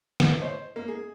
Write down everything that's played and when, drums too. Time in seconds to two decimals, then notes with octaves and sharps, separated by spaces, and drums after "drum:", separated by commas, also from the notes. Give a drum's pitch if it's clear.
0.20 A2, drum: snare
0.42 C5
0.76 A#3
0.88 G#4